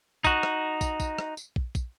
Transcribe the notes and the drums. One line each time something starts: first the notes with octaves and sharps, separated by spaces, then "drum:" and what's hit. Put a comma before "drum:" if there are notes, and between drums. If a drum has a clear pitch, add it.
D#4 F#4, drum: kick, tambourine
drum: rim click
drum: kick, tambourine
drum: kick, tambourine
drum: rim click
drum: tambourine
drum: kick
drum: kick, tambourine